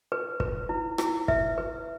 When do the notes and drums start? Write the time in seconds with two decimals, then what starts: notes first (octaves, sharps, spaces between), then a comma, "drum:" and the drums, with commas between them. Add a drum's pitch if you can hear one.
0.12 B4
0.40 B4, drum: kick
0.69 E4
0.98 E4, drum: rim click
1.28 B4 E5, drum: kick
1.58 B4